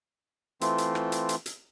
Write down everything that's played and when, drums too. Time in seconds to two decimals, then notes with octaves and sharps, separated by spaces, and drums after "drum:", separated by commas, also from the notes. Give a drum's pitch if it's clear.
0.61 E3 A3 C4 F4, drum: hi-hat
0.78 drum: hi-hat
0.95 drum: rim click
1.12 drum: hi-hat
1.29 drum: hi-hat
1.46 drum: hi-hat